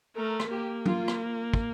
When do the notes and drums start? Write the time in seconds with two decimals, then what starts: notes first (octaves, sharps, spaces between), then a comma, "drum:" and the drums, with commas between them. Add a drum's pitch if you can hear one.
0.17 A3 A#4
0.40 drum: rim click
0.51 A#3 G4
0.86 F4, drum: tom F#3
1.08 drum: rim click
1.54 drum: kick